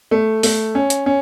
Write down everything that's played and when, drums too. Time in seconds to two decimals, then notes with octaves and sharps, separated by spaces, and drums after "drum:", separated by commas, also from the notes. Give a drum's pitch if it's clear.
0.11 A3
0.43 A3, drum: open hi-hat
0.75 C#4
0.90 drum: hi-hat
1.06 C#4